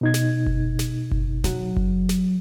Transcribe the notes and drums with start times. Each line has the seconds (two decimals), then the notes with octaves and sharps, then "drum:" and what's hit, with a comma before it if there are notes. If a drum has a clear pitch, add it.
0.01 B2 D#4 G#6
0.14 drum: snare
0.46 drum: kick F#1
0.79 drum: snare
1.11 drum: kick F#1
1.44 F#3, drum: snare
1.77 drum: kick F#1
2.09 drum: snare